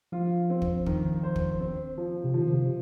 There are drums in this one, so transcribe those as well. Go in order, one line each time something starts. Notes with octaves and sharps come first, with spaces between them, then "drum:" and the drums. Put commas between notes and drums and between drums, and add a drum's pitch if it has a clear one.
F3 F4
C4
drum: kick
D#3, drum: kick
C5
drum: kick
C4
F3
C3
D#3 F3
C3